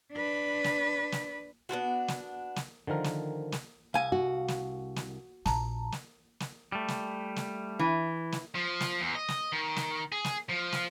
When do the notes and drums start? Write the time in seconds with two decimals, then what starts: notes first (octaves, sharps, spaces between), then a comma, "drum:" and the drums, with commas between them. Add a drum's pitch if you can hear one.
0.12 D4 B4
0.64 drum: snare
1.12 drum: snare
1.69 B3 D4 F4 F#4
2.08 drum: snare
2.56 drum: snare
2.87 D3 D#3 F3 A#4
3.04 drum: snare
3.52 drum: snare
3.94 C2 F5 G#5
4.12 F#4
4.48 drum: snare
4.96 drum: snare
5.46 A#1 A5 A#5, drum: snare
5.92 drum: snare
6.40 drum: snare
6.72 G3 A3
6.88 drum: snare
7.36 drum: snare
7.79 E3
8.32 drum: snare
8.55 F3
8.80 drum: snare
9.01 E2
9.15 D#5
9.28 drum: snare
9.52 D#3
9.76 drum: snare
10.12 G#4
10.24 drum: snare
10.50 F3
10.72 drum: snare